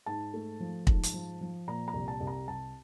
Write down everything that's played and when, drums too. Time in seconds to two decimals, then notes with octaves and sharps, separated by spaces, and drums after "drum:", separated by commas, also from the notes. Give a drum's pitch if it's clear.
0.06 G#2 A5
0.34 A3
0.60 F3
0.87 G#2, drum: kick
1.03 drum: hi-hat
1.14 F3
1.41 F3
1.67 A#2 A#5
1.88 A#5
1.94 C2
2.08 A5
2.20 C2
2.27 A#5
2.48 C2 A5